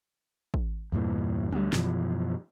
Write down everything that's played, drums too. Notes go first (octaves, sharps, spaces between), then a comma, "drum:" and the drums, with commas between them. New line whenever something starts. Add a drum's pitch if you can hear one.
drum: kick
E2 G2 A#2 E3
D2 G3, drum: tom
F#2 B2 E3 F3, drum: snare